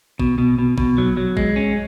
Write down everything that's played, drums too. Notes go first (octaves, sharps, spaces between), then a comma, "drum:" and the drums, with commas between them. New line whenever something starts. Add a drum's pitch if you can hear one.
B2, drum: kick
B2
B2
B2, drum: kick
F#3
F#3
G#3, drum: kick
C#4